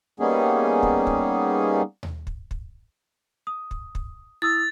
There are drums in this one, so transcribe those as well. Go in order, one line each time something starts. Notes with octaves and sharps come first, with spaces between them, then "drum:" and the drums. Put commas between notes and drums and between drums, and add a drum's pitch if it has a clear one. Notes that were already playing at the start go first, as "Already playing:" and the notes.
G3 A#3 B3 C#4 D#4 G#4
drum: kick
drum: kick
drum: tom D#2
drum: kick
drum: kick
D#6
drum: kick
drum: kick
E4 D#6 E6 A6